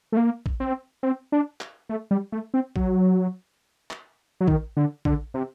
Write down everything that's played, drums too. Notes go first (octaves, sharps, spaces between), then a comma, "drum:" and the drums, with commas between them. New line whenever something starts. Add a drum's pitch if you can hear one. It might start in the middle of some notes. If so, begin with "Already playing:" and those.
A3
A#3
drum: kick
C4
C4
D4
drum: clap
A3
G3
A3
C4
F#3, drum: kick
drum: clap
F#3
D#3, drum: kick
D3
D3, drum: kick
C3